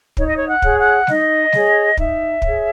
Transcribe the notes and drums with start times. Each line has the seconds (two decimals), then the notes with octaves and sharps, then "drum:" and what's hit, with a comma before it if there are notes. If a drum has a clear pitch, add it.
0.17 D#4 C#5, drum: kick
0.27 D#5
0.36 C#5
0.47 F#5
0.62 G#4 C#5, drum: kick
0.77 F#5
1.07 D#4 D#5, drum: snare G3
1.52 G#4 C#5, drum: snare G3
1.97 D#4 E5, drum: kick
2.42 G#4 C#5, drum: kick